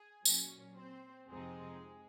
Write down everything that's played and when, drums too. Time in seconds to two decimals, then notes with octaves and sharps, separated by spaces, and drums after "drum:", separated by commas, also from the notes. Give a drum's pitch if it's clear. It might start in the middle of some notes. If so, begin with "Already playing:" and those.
Already playing: G#4 G#5
0.25 A#2 F#3 C#4, drum: tambourine
0.78 C4 C5
1.30 F2 C3 F3 G#3 C4 D#4 G#4